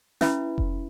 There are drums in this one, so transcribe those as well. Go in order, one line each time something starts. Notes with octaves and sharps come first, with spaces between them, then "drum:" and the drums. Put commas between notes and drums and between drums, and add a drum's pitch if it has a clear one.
C#4 E4 B4 E5 B5, drum: snare
drum: kick F1